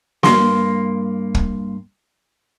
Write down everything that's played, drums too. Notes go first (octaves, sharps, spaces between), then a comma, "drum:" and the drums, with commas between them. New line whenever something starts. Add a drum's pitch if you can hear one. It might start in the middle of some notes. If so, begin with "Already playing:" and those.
G2 A#3 C6, drum: snare
drum: kick